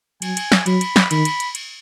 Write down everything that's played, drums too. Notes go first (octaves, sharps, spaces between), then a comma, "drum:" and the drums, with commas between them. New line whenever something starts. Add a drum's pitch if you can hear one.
F#3 G#5, drum: cymbal
drum: cymbal
drum: snare
F#3 B5, drum: cymbal
drum: cymbal
drum: snare
D#3 B5, drum: cymbal
drum: cymbal
drum: cymbal
drum: cymbal